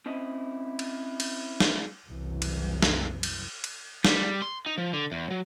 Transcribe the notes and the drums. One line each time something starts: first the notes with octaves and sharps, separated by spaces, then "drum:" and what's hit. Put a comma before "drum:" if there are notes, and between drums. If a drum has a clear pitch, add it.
C4 C#4 E4 D#5
drum: cymbal
drum: cymbal
drum: snare
F#1 C2 E3 F#3
drum: cymbal
drum: snare
drum: cymbal
drum: cymbal
G3, drum: snare
C6
D#4
F3
D3
E2
F#3